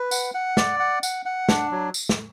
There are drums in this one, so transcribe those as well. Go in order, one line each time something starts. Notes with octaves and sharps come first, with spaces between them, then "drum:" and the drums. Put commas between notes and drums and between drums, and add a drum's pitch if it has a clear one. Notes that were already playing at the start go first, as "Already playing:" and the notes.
Already playing: B4
F#5, drum: tambourine
F#5
D5, drum: snare
F#5
F#5, drum: tambourine
F#5
D4, drum: snare
F#3
drum: tambourine
drum: snare